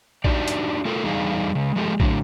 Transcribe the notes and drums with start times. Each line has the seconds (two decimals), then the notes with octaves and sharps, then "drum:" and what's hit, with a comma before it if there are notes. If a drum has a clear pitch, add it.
0.24 D4 D#4 F#4 G4 D5, drum: kick A#1
0.48 drum: hi-hat
0.85 A3 F4 A4 A#4
1.04 E2 G3 D4 D#4 G#4 F5
1.55 C#3 G#3
1.76 F3 G#3 A3 G4 A4
2.00 A2 D3 F#3, drum: kick A#1